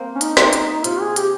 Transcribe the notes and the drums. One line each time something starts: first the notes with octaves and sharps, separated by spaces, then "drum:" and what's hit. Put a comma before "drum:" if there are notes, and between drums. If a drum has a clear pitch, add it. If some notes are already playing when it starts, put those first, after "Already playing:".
Already playing: A#3 C4
C#4
D#4, drum: hi-hat
drum: snare
drum: hi-hat
C3 F4, drum: hi-hat
G#4
G4, drum: hi-hat